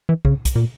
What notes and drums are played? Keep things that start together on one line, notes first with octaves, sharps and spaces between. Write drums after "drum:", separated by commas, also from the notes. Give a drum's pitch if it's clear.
E3
C#3, drum: kick
drum: kick, hi-hat
A#2